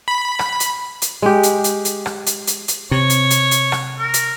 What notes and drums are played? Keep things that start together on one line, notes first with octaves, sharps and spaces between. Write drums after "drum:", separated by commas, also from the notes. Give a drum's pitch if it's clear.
B5
drum: rim click
drum: hi-hat
drum: hi-hat
G#3 G4
drum: hi-hat
drum: hi-hat
drum: hi-hat
drum: rim click
drum: hi-hat
drum: hi-hat
drum: hi-hat
C3 C#5
drum: hi-hat
drum: hi-hat
drum: hi-hat
drum: rim click
A#4
drum: hi-hat